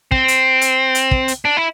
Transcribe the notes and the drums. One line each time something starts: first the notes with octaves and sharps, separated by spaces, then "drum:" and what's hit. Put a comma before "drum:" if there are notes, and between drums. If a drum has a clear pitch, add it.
C4, drum: kick
drum: hi-hat
drum: hi-hat
drum: hi-hat
drum: kick
drum: hi-hat
D4
E4